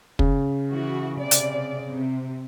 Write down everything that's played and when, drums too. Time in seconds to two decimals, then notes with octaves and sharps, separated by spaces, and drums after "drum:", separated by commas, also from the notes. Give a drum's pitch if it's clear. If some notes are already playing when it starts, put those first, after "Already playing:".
0.19 C#3, drum: kick
0.71 E3 F#4
1.20 C3 D5
1.31 drum: hi-hat
1.89 C3